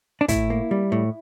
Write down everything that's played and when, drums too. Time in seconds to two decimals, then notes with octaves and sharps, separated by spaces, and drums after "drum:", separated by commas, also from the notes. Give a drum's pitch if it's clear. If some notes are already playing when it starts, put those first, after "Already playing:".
0.21 D4
0.28 A2 E4, drum: kick, hi-hat
0.50 A#3
0.71 G3
0.92 A2